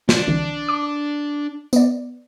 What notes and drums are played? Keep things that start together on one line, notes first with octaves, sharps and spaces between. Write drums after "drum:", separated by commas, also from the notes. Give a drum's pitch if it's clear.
D4, drum: snare
C2 D3 E3
D6
B3 D5, drum: tambourine